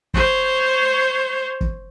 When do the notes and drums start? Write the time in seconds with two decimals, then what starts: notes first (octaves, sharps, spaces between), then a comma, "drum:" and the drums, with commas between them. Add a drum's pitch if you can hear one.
0.14 C5 C#5, drum: kick
1.61 drum: kick